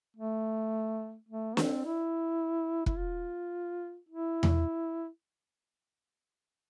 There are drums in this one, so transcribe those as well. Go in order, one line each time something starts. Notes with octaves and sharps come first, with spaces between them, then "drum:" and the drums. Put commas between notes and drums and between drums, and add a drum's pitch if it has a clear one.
A3
A3
C4, drum: snare
E4
E4, drum: kick
F4
E4
drum: tom E2